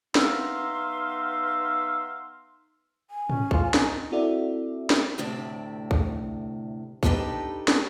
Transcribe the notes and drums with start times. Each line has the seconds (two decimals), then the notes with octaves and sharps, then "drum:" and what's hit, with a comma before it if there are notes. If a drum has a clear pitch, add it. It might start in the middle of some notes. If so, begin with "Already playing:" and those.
0.15 B3 D#4 E5 F5 C6, drum: snare
3.11 G#5
3.30 C#4, drum: tom
3.51 F4, drum: kick
3.74 D#4, drum: snare
4.12 C4 E4 F#4 A4 D5 E5
4.90 drum: snare
5.18 D2 A2 C3 D5 E5
5.91 drum: kick
7.03 B3 D4 D#4 G4 A4 B4, drum: kick
7.68 drum: snare